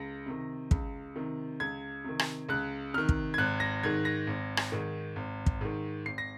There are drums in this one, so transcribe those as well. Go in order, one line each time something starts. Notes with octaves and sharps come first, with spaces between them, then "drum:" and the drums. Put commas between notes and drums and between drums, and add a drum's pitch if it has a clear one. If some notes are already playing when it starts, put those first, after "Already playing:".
Already playing: C#2 A#6
C3 D#3
C#2, drum: kick
C3 D#3
C#2 G#6
C3 D#3
drum: rim click
C#2 F#6
C3 D#3 F6
drum: kick
G#6
G#1 F#6
A#6
G#2 D#3 G#6
A#6
G#1
drum: rim click
G#2 D#3
G#1
drum: kick
G#2 D#3
G#1 C7
A#6